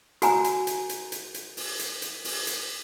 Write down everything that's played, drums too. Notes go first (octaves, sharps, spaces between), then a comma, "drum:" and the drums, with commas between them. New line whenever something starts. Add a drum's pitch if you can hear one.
F#4 G#5 A#5, drum: hi-hat
drum: hi-hat
drum: hi-hat
drum: hi-hat
drum: hi-hat
drum: hi-hat
drum: open hi-hat
drum: hi-hat
drum: hi-hat
drum: open hi-hat
drum: hi-hat